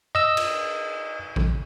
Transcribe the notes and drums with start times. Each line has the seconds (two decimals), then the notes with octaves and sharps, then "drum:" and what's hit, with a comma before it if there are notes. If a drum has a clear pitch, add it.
0.15 D#5 E6
0.37 drum: cymbal
1.36 drum: kick A1